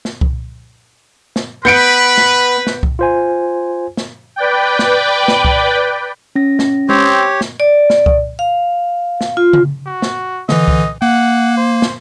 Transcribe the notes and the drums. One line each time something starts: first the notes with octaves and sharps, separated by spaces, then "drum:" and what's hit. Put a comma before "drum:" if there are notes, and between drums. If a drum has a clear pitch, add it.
drum: snare
drum: kick C2
drum: snare
B3 B4 B5 G6 C#7 D7
drum: snare
drum: snare
drum: kick C2
F4 C5 G#5
drum: snare
B4 D5 G5
drum: snare
drum: snare
drum: kick C2
C#4 A#6
drum: snare
C4 G4 C#5, drum: tom G#3
drum: snare
D5
drum: snare
drum: kick C2
F5
drum: snare
F4
drum: tom C#3
F#4
drum: snare
D3 E3 D#5, drum: snare
drum: kick C2
A#3 F#5
C5
drum: snare